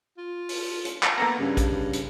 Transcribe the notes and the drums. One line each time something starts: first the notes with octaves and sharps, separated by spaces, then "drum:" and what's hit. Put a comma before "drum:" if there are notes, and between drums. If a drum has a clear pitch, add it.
F4
drum: open hi-hat
drum: hi-hat
drum: clap
A#3 B3 A4 A#5
G2 C#3
drum: kick A#1, hi-hat
drum: hi-hat